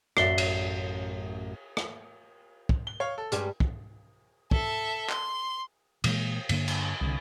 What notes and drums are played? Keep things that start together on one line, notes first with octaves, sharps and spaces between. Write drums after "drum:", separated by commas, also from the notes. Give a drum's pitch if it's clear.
A1 F#2 F#4 D5 E5 C7 G7, drum: rim click
drum: cymbal
drum: rim click
drum: kick
G7
C#5 F5
A4
G2 G3 G#3 C#4, drum: hi-hat
drum: kick
A4 E5, drum: kick
C6, drum: clap
A#2 E3 G#3 A#3, drum: cymbal
G2 D3 A#3 D4, drum: cymbal
drum: cymbal
C2 D3